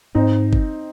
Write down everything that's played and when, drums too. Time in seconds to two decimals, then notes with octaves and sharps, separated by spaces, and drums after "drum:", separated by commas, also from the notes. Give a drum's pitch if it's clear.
0.15 G#2 C4 D#4
0.53 drum: kick G1